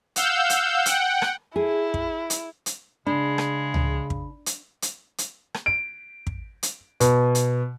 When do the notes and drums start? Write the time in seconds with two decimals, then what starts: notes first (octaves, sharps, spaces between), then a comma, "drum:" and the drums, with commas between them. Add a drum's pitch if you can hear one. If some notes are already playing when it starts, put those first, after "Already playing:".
0.16 F5 F#5 E6 G6, drum: hi-hat
0.50 drum: hi-hat
0.86 F#5 G5, drum: hi-hat
1.22 drum: rim click
1.56 E4 G#4
1.94 drum: kick
2.30 drum: hi-hat
2.66 drum: hi-hat
3.07 C#3 G#3 D4 B5
3.38 drum: rim click
3.74 drum: tom C#2
4.10 drum: kick
4.46 drum: hi-hat
4.82 drum: hi-hat
5.18 drum: hi-hat
5.54 drum: rim click
5.66 D7
6.27 drum: kick
6.63 drum: hi-hat
7.00 B2, drum: hi-hat
7.35 drum: hi-hat